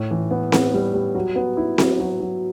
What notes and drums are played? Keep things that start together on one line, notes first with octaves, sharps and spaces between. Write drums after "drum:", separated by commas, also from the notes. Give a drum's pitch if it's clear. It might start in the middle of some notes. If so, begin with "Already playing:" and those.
Already playing: A2
E3
B3
B3, drum: snare C4
G3
G3
F#3
B3
E4
F#3, drum: snare C4
F#3
F#3